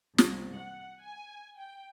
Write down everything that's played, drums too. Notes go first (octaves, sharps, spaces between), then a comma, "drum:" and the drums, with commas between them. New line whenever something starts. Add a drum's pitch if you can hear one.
C2, drum: snare
F#5
G#5
G5